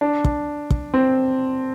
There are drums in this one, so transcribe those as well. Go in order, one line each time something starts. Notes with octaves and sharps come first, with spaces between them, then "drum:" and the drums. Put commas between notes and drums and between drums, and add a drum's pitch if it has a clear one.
D4
drum: kick
drum: kick
C4